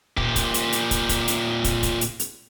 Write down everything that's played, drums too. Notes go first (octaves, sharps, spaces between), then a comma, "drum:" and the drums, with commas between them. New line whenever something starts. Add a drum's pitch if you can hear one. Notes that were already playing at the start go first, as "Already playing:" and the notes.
A#2 G4, drum: kick
drum: kick, hi-hat
drum: hi-hat
drum: hi-hat
drum: kick, hi-hat
drum: kick, hi-hat
drum: hi-hat
drum: kick, hi-hat
drum: kick, hi-hat
drum: hi-hat
drum: hi-hat